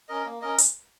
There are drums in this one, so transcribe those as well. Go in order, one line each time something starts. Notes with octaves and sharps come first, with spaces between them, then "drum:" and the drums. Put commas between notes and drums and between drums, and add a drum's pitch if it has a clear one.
C#4 A#4 D#5
A#3
C#4 A#4 D#5
drum: hi-hat